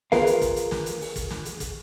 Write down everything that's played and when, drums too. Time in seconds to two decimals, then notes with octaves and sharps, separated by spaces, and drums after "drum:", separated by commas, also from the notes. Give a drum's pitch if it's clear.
0.12 F4 G#4 A#4 B4 F5, drum: snare
0.27 drum: hi-hat
0.42 drum: kick, hi-hat
0.56 drum: hi-hat
0.71 drum: snare
0.86 drum: hi-hat
1.01 drum: open hi-hat
1.16 drum: kick, hi-hat
1.31 drum: snare
1.45 drum: hi-hat
1.60 drum: kick, hi-hat